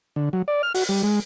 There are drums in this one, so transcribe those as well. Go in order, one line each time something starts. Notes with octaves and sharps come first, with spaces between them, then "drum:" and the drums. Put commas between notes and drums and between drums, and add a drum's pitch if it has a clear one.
D3
F#3
D5
F6
F#4, drum: open hi-hat
G3
G#3